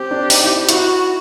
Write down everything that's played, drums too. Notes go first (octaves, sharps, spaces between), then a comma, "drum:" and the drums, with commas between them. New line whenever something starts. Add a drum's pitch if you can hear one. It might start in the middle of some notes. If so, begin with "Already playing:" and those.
Already playing: C4 G4
D4
D#4, drum: open hi-hat
E4
D#4
E4 F#4, drum: hi-hat